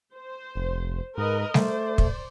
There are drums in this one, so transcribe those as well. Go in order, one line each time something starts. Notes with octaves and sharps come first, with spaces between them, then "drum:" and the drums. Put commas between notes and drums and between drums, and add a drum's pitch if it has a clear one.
C5
F1
G#2 A#4 B4 D#5
A3 C5 D5, drum: snare
drum: kick